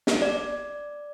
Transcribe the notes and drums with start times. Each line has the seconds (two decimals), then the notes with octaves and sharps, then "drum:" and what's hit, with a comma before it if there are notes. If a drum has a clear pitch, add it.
0.07 drum: snare
0.22 D5